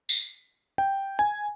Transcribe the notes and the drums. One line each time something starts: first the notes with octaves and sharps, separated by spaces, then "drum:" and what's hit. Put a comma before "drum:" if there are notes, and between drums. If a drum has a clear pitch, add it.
drum: tambourine
G5
G#5